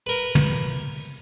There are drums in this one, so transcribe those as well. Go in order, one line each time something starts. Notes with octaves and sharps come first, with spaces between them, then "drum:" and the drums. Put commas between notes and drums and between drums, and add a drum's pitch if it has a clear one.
A#4 B4
drum: tom
drum: open hi-hat